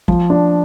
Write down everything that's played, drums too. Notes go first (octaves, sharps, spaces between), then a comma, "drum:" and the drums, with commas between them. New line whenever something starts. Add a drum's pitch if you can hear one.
F3, drum: kick
D4